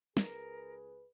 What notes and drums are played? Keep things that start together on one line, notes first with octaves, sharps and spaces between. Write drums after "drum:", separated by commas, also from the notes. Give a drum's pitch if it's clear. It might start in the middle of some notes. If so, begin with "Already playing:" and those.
C#2 G#4 A#4 B4, drum: snare